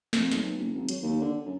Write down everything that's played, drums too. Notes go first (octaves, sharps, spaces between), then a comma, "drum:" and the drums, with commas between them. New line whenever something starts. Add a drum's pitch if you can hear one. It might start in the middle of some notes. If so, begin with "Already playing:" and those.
F2, drum: snare
B1, drum: snare
F#1
G#1
F#3, drum: hi-hat
D#2
D3
F#2